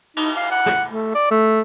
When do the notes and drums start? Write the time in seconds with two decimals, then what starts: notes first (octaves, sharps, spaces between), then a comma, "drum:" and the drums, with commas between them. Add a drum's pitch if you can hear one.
0.17 D#4, drum: cymbal
0.37 F5
0.51 F#5
0.66 drum: snare
0.90 A3
1.15 D5
1.31 A3